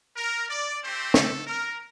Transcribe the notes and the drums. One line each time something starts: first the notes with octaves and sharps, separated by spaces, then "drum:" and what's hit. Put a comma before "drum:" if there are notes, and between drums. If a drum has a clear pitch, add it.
A#4
D5
A3 C4 G4 C5
A4, drum: snare
A#4